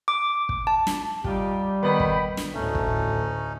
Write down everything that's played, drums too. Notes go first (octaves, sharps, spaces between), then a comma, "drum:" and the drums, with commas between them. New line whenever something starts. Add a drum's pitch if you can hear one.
D6
drum: kick
A5
drum: snare
G3 D#4 F4 G4, drum: kick
D#3 B3 D#5 G5 B5
drum: kick
drum: snare
D2 A2 A3 C#4 D#4
drum: kick